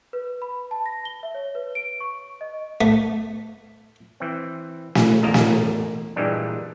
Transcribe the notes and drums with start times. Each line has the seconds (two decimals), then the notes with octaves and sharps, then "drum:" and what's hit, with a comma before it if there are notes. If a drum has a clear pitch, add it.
0.13 B4
0.42 B5
0.71 A5
0.86 A#6
1.05 G7
1.23 E5
1.35 C#5
1.55 B4
1.75 D7
2.00 C#6
2.41 D#5
2.81 A3
4.20 E3 C4
4.95 drum: snare
5.23 A1 E2 A#3 A#4 D#5 A5
5.34 drum: snare
6.16 G2 A#2 E3 G3 G#3 D4